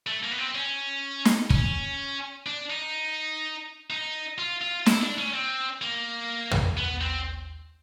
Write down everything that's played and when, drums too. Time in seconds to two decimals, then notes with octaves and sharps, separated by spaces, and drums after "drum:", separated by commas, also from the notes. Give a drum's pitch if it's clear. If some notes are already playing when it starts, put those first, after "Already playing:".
0.07 A3
0.23 A#3
0.31 B3
0.39 C4
0.55 C#4
1.25 drum: snare
1.50 C#4, drum: kick
2.46 D4
2.70 D#4
3.90 D#4
4.38 F4
4.61 F4
4.86 E4, drum: snare
5.02 D4
5.18 C#4
5.33 C4
5.82 A#3
6.51 drum: tom
6.77 B3
7.01 C4